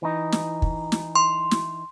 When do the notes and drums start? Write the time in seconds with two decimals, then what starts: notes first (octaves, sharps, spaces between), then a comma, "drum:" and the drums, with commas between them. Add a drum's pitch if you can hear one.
0.03 E3 D#4
0.32 drum: snare
0.62 drum: kick
0.92 drum: snare
1.15 C6
1.51 drum: snare